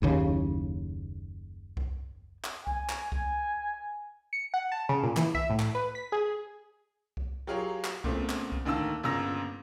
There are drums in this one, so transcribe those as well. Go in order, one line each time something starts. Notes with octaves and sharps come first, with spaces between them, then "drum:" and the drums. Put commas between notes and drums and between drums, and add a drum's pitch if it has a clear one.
F#1 D#2 C#3
drum: kick C2
drum: clap
G#5, drum: kick C2
drum: clap
drum: kick C2
C#7
F#5
A5
C#3
A#2
E3, drum: clap
E5, drum: kick C2
A2
drum: clap
B4
B6
G#4
drum: kick C2
F#3 F4 G4 G#4 A#4 C#5
drum: clap
A#2 C#3 A3 B3 C4, drum: kick C2
drum: clap
drum: kick C2
A1 D2 D#3 A#3 A5 E6
G1 A#2 C#3 A#5 E6 A#6